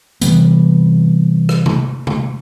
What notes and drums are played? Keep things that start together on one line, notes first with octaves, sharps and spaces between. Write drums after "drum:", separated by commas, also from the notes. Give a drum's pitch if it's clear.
C3 E3 G3 B3, drum: hi-hat
drum: rim click
drum: tom C3
drum: tom C3